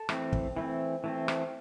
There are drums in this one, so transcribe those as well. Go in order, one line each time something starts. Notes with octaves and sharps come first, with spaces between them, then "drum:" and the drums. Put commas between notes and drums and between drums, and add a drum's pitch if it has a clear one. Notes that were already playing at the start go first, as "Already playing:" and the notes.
Already playing: A4
E3 A3 C4, drum: rim click
drum: kick
E3 A3 C4
E3 A3 C4
drum: rim click